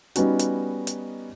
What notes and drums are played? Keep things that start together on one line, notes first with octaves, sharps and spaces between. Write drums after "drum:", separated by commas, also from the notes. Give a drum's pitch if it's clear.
G3 B3 C#4 D#4 F#4, drum: hi-hat
drum: hi-hat
drum: hi-hat